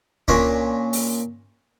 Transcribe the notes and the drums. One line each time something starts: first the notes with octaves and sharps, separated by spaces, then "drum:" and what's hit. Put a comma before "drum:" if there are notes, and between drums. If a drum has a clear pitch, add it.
A#2 C#4 D4, drum: kick C#2
drum: open hi-hat